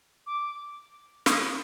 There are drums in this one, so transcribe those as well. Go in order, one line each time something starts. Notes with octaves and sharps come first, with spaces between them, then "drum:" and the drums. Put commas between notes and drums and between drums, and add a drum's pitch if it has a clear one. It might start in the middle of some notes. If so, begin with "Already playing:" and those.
D6
D#6, drum: snare